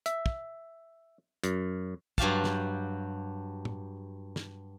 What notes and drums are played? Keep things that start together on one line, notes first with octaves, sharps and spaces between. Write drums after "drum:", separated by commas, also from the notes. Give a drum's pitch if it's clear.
E5, drum: hi-hat
drum: kick
F#2, drum: hi-hat
G2 F#3 F#4 G4 F5 A5, drum: kick
drum: snare
drum: tom
drum: snare